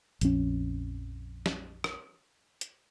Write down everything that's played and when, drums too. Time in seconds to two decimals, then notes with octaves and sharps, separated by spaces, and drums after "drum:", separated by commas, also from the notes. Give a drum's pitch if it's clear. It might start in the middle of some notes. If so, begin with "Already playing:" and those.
0.21 A#1 F2 C#4, drum: hi-hat
1.46 drum: snare
1.84 drum: rim click
2.61 drum: hi-hat